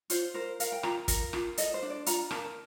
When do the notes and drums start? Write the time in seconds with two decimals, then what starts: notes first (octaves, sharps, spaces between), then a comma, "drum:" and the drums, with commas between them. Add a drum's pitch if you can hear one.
0.10 F4 C5, drum: hi-hat
0.34 A#4 C5
0.60 A#4 F5, drum: hi-hat
0.72 G5
0.83 F4 A#5, drum: rim click
1.08 A#4, drum: kick, hi-hat
1.33 F4, drum: rim click
1.57 A4 D#5, drum: hi-hat
1.74 C5
1.83 D4
1.90 D5
2.06 F4 A#5, drum: hi-hat
2.31 A#4 A5, drum: rim click